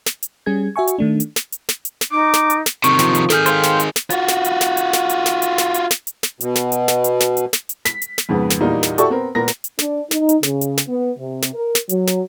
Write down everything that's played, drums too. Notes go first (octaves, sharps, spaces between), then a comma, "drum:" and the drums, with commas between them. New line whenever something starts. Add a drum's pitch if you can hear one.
drum: snare
drum: hi-hat
G3 C#4 G#4 G#6
F#4 E5 G#5 C#6
drum: hi-hat
D#3 A3 D4
drum: hi-hat
drum: snare
drum: hi-hat
drum: snare
drum: hi-hat
drum: snare
D#4 D6
drum: snare
drum: hi-hat
drum: snare
C3 D#3 C#6, drum: hi-hat
F3, drum: snare
drum: hi-hat
D#3 G#4 A4 F6 G6, drum: snare
C5 F5 G5, drum: hi-hat
drum: snare
drum: hi-hat
drum: snare
F4 F#4, drum: hi-hat
drum: snare
drum: hi-hat
drum: snare
drum: hi-hat
drum: snare
drum: hi-hat
drum: snare
drum: hi-hat
drum: snare
drum: hi-hat
drum: snare
drum: hi-hat
drum: snare
B2, drum: hi-hat
drum: snare
drum: hi-hat
drum: snare
drum: hi-hat
drum: snare
drum: hi-hat
drum: snare
drum: hi-hat
B6, drum: snare
drum: hi-hat
drum: snare
F2 G#2 C#3 B3
drum: snare
E2 A#2 G3 A#3 D#4
drum: snare
E4 F#4 G4 A4 D5 C#6, drum: hi-hat
B3 C4 A#4
A#2 B3 A#4 A#6
drum: snare
drum: hi-hat
D4, drum: snare
D#4, drum: snare
drum: hi-hat
C#3, drum: snare
drum: hi-hat
drum: snare
B3
C3
drum: snare
A#4
drum: snare
F#3, drum: hi-hat
drum: snare